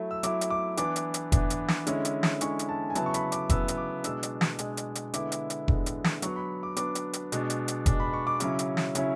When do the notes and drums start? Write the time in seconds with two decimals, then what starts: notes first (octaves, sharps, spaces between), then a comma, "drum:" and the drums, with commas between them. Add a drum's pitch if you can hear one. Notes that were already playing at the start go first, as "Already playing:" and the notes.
Already playing: F#3 A3 E4
0.11 E6
0.23 F#3 A3 E4 D6, drum: hi-hat
0.41 drum: hi-hat
0.50 D6
0.77 E3 B3 D4 D6, drum: hi-hat
0.96 drum: hi-hat
1.14 drum: hi-hat
1.32 E3 B3 D4, drum: kick F1, hi-hat
1.50 drum: hi-hat
1.68 drum: snare
1.87 D3 G#3 C#4 E4, drum: hi-hat
2.05 drum: hi-hat
2.23 drum: snare
2.41 D3 G#3 C#4 E4 C#6, drum: hi-hat
2.59 drum: hi-hat
2.69 A5
2.90 G#5
2.95 C#3 F#3 B3 E4 A5, drum: hi-hat
3.06 C#6
3.14 B5, drum: hi-hat
3.32 D6, drum: hi-hat
3.49 C#3 F#3 B3 E4 E6, drum: kick F1, hi-hat
3.68 drum: hi-hat
3.77 D6
4.04 B2 G#3 D4 E6, drum: hi-hat
4.23 drum: hi-hat
4.41 drum: snare
4.59 B2 G#3 D4, drum: hi-hat
4.77 drum: hi-hat
4.95 drum: hi-hat
5.14 D3 G#3 B3 E4 D6, drum: hi-hat
5.32 drum: hi-hat
5.50 drum: hi-hat
5.68 D3 G#3 B3 E4, drum: kick F1
5.86 drum: hi-hat
6.04 drum: snare
6.22 F#3 B3 D4 C#6, drum: hi-hat
6.36 B5
6.63 D6
6.77 F#3 B3 D4 D6, drum: hi-hat
6.95 drum: hi-hat
7.13 drum: hi-hat
7.32 B2 G#3 D4, drum: hi-hat
7.50 drum: hi-hat
7.68 drum: hi-hat
7.86 B2 G#3 D4, drum: kick F1, hi-hat
8.00 B5
8.13 C#6
8.27 D6
8.40 C#3 F#3 C#4 E4 D6, drum: hi-hat
8.59 drum: hi-hat
8.77 drum: snare
8.95 C#3 F#3 C#4 E4, drum: hi-hat